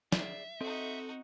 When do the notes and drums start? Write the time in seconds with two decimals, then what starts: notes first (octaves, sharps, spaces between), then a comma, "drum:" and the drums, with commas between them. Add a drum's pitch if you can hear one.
0.12 G#4 D5 E5, drum: snare
0.61 C4 D#4 F#4 A4 D#5